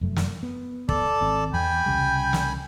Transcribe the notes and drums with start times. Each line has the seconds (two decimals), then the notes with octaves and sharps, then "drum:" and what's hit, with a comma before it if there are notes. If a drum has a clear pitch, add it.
0.01 F1 F#2 A3
0.16 drum: snare
0.43 B3
0.89 A4 D5 A5, drum: kick
1.21 G#1 C4
1.54 E2 G5 G#5 B5
1.86 C2 C#3 G3
2.33 drum: snare